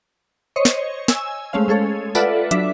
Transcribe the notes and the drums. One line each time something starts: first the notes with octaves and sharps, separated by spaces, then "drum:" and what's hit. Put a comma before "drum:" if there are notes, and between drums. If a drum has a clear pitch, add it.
C5 C#5 D#5 C#6
drum: snare
G#5 E6, drum: snare
G#3 A3 C#4 C5 F5
G#3 G#4 A4 C#5
F4 A4 B4 D5 E5 F#5, drum: tambourine
F#3 D4 E5 B6, drum: hi-hat